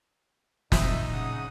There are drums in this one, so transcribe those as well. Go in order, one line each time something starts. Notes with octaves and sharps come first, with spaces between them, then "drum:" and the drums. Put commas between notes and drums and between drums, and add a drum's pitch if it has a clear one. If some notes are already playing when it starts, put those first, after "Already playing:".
A#2 F3 D#4 D#5 E5, drum: snare
C#3 F#5 D#6